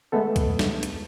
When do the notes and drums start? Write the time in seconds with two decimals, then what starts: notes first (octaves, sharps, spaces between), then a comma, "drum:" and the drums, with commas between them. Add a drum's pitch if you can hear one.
0.12 G#3 A3 B3 A4
0.36 drum: kick C2, hi-hat
0.59 drum: snare
0.83 drum: hi-hat